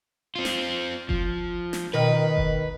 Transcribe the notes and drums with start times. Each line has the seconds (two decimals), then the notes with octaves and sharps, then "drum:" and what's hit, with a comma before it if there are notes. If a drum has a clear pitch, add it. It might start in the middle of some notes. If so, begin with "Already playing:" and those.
0.36 C4 F4
0.45 drum: snare
1.09 F3, drum: kick F#1
1.73 drum: snare
1.93 B2 D#3 A#4 B4
2.37 drum: kick F#1